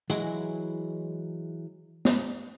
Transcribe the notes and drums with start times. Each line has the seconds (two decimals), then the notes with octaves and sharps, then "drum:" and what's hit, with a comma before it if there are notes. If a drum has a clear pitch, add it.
0.10 E3 F#3 G#3 E4, drum: hi-hat
2.05 drum: snare B3